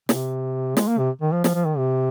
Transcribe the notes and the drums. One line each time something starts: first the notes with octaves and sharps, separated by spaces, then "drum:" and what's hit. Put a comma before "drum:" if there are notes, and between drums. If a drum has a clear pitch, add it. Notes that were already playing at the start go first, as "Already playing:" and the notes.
C3, drum: snare
G#3, drum: snare
A#3
C3
D#3
F3
F3, drum: snare
F3
D#3
C3